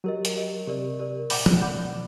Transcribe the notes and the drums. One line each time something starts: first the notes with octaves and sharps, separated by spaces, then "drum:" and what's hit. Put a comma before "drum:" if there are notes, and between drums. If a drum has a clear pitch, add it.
F#3 G4 A#4 D#5
drum: hi-hat
G4 A#4 D#5
C3 G4 A#4 D5
G4 A#4 D5
A#2 D5 F#5 B5 D6 G6, drum: open hi-hat
B2, drum: tom F3
D5 F#5 B5 D6 G6